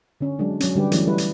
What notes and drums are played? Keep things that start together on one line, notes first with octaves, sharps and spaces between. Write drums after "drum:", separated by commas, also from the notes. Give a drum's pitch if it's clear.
D3 C#4
F#3 G#3 D4
F#3 C#4, drum: hi-hat
D3 G3 G4 B4
E3 F#3 A3 C#4, drum: hi-hat
G3 E4 B4 C#5
drum: hi-hat